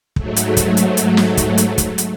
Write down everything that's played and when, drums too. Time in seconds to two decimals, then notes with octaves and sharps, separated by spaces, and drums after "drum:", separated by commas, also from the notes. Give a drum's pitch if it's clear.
0.16 G#2 F#3 A3, drum: kick
0.36 drum: hi-hat
0.57 drum: kick, hi-hat
0.77 drum: hi-hat
0.97 drum: hi-hat
1.17 drum: snare
1.37 drum: kick, hi-hat
1.58 drum: hi-hat
1.78 drum: kick, hi-hat
1.98 drum: hi-hat